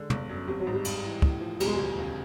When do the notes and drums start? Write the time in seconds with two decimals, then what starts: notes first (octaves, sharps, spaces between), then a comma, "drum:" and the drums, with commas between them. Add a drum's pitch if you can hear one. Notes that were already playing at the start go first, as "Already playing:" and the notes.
Already playing: D3 G#3
0.10 G1, drum: tom
0.29 F#2
0.47 G#1 G3
0.60 F#3
0.67 G#2
0.73 G3
0.85 G2, drum: cymbal
1.04 E3
1.22 A2, drum: kick
1.41 F3
1.60 E1 G3, drum: cymbal
1.67 G#3
1.75 D2 G3
1.97 C#2